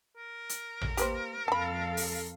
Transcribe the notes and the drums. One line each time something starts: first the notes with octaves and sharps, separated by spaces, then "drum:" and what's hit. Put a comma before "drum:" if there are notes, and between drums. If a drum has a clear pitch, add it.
A#4
drum: hi-hat
drum: tom A1
A#3 G4 B4 C5, drum: hi-hat
F2 A4 F5 A5 B5
drum: open hi-hat